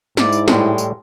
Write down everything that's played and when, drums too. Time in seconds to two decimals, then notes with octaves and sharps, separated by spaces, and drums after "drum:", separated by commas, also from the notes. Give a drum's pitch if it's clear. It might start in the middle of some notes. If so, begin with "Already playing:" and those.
0.17 G#2 E4 D5, drum: snare
0.32 drum: tambourine
0.48 A2 G3 G#3, drum: snare
0.78 drum: tambourine